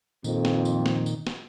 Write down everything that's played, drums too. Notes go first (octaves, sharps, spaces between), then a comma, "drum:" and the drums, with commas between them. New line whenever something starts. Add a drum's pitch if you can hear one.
F2 A#2 D#3, drum: tambourine
drum: snare
drum: tambourine
drum: snare
drum: tambourine
drum: snare